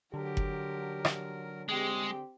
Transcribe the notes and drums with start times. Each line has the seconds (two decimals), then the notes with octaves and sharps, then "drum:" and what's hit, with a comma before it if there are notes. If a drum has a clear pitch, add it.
0.14 D3 F#3 G4 A#4
0.37 drum: kick F#1
1.05 drum: rim click
1.69 G#3 C4 G4 G#4